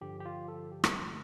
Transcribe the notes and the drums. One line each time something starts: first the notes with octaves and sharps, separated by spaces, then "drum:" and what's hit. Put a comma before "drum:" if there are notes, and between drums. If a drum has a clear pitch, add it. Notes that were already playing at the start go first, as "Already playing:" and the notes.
G2 D3 F3 G4
G4
F4
A4
G4
drum: rim click
A3